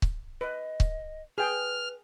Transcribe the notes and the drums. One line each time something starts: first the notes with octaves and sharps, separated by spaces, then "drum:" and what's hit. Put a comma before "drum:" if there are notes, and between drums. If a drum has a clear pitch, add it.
drum: kick C#1
B4 D#5
drum: kick C#1
G#4 B4 G5 F6